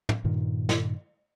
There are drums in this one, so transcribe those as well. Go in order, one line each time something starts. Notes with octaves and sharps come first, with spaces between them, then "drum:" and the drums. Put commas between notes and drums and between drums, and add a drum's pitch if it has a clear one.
drum: tom
G2 A#2 D#3
drum: snare